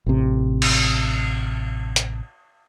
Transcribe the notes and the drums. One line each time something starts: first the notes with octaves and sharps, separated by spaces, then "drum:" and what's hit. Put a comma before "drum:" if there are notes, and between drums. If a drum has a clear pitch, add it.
A1 C3
drum: cymbal
drum: hi-hat